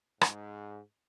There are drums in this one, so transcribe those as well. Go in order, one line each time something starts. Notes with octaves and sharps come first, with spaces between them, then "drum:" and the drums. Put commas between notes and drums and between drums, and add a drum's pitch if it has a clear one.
G#2, drum: rim click